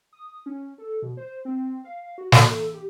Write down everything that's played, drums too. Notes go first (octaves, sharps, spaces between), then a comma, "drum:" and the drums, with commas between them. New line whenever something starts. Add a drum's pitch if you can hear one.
D#6
C#4
A4
B2
C5
C4
F5
F#4
F#4, drum: snare
A4
G4